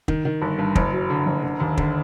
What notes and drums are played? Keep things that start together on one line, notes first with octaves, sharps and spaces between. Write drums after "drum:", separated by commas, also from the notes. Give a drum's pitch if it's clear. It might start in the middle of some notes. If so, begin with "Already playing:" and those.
D#3, drum: kick
D#3
G1
G2
F#1, drum: kick
F#3
D3
F#1
D3
D#2
D3, drum: kick